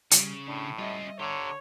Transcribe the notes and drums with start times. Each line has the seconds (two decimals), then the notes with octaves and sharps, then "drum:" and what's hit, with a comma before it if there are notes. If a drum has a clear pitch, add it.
0.11 C#3 G3, drum: hi-hat
0.48 A2 D4
0.79 G3 C#4 F4 D#5 E5
1.20 D3 G4 C#5 A#5